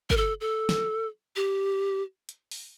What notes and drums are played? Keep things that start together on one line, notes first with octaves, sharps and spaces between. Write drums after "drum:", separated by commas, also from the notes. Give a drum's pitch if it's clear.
A#4, drum: kick
A4
A4
drum: snare
G4
drum: hi-hat
drum: open hi-hat